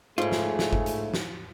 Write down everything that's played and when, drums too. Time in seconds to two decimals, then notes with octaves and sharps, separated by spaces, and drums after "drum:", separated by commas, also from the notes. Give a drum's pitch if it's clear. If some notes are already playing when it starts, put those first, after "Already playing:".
0.18 G#2 C#3 A3 F4 G#4
0.32 drum: snare
0.59 drum: snare
0.73 drum: kick G1
0.86 drum: hi-hat
1.14 drum: snare